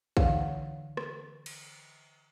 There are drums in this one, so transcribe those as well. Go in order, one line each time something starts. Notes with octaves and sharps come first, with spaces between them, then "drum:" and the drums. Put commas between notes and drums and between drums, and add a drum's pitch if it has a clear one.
D3 E3 D#4 C#5 F5 F#5, drum: kick A#1
drum: rim click
drum: cymbal